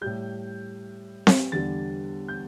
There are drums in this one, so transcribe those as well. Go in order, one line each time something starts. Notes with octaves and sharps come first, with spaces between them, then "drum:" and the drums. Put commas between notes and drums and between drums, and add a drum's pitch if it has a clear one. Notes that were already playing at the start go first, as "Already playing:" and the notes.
A2 G3 G6
drum: snare C4
E2 D3 G3 A6
G6